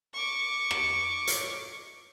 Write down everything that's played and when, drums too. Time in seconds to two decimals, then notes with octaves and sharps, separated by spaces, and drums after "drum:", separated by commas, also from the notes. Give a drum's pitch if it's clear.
0.14 C#6 D6
0.71 drum: rim click
1.27 drum: hi-hat